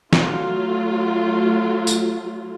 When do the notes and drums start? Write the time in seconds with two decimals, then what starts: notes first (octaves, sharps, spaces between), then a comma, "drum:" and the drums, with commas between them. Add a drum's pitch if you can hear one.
0.13 F#3 A3 F4, drum: snare
1.87 drum: tambourine